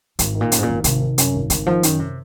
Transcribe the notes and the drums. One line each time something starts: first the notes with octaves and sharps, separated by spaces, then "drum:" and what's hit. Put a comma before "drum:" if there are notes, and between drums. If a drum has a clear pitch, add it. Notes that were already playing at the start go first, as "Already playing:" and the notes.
G#1 G#2, drum: hi-hat
D#3
A#2
F#2, drum: hi-hat
G#2
A#2
G#1
G#1 C3, drum: hi-hat
D#3
F#2, drum: hi-hat
G#1
G#1 C#3, drum: hi-hat
D#3 F3
F#2 D#3, drum: hi-hat
C3